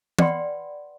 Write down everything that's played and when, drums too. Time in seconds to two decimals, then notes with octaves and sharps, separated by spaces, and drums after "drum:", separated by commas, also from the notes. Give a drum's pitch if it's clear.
0.19 B4 D5 F#5 G5 B5 C6, drum: tom